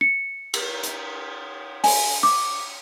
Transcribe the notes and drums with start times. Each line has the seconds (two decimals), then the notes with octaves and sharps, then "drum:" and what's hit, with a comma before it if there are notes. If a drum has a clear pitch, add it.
0.01 C#7
0.54 drum: cymbal
0.83 drum: hi-hat
1.84 G#5, drum: open hi-hat
2.23 D6